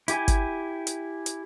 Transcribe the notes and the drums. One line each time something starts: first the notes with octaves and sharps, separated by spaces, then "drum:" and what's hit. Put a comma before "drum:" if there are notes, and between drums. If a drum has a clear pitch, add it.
E4 G4 G#5, drum: hi-hat
drum: kick G#1, hi-hat
drum: hi-hat
drum: hi-hat